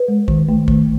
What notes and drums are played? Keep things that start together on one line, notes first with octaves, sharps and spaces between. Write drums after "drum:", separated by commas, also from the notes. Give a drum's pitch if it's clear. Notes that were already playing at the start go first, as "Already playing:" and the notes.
Already playing: B4
G#3
D#3, drum: kick A#1
A3
D#3, drum: kick A#1